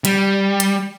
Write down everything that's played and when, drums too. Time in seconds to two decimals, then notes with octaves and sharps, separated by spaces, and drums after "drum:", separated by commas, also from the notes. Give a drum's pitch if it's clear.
0.05 G3, drum: hi-hat
0.60 drum: hi-hat